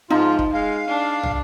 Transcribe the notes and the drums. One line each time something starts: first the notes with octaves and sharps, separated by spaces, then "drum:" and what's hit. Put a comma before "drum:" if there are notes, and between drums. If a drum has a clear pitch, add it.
G#2 F3 D#4 F4
drum: kick
G#3 F5
D4
drum: tom